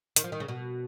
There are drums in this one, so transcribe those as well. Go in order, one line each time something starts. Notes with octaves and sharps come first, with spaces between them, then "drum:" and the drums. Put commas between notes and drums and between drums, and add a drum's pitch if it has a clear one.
D#3, drum: hi-hat
F3
D#3
C#3
B2